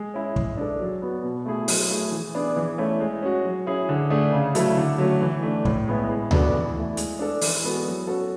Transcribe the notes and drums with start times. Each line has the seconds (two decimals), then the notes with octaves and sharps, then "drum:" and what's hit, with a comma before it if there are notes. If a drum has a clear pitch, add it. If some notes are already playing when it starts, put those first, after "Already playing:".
Already playing: G#3
0.14 C#4 E4
0.36 G#3, drum: kick
0.57 D4 A4
0.80 F#3
1.02 B3 F#4
1.23 B2
1.46 A3 E4 G#4
1.68 F#3, drum: open hi-hat
1.90 A3 E4 G#4
2.12 E3
2.34 B3 D4 G#4
2.56 E3
2.78 A3 C#4 E4
3.00 G#3
3.22 C#4 F#4
3.45 F#3
3.66 C#4 E4 G#4
3.89 D3
4.10 A3 D4 G#4
4.32 C#3
4.55 F#3 A3 E4 A4, drum: hi-hat
4.77 D3
4.98 F#3 A3 C#4
5.21 E3
5.43 A3 D4
5.65 A2, drum: kick
5.87 G#3 B3 E4
6.09 G#3
6.31 B3 D4 F#4 A4, drum: tom D2
6.54 E3
6.76 A3 E4
6.97 G#3, drum: hi-hat
7.19 D4 A4
7.41 E3, drum: open hi-hat
7.63 G#3 B3 F#4 A4
7.85 F#3
8.07 C#4 F#4 A4